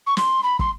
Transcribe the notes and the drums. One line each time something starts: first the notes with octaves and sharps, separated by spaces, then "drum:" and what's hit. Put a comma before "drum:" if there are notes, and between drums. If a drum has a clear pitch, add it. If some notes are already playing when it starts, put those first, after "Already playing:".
C#6
C6, drum: snare
B5
C6, drum: kick